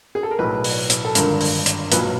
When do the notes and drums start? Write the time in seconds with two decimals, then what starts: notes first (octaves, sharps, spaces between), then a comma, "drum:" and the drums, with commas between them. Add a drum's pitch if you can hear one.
0.15 G#4
0.23 A4
0.31 A#4
0.39 B1 A2 F#3 B4
0.64 drum: open hi-hat
0.90 drum: hi-hat
1.05 A4
1.15 G#1 G2 D3 F3 A#4, drum: hi-hat
1.41 drum: open hi-hat
1.66 drum: hi-hat
1.92 B1 A#2 F#3 B4, drum: hi-hat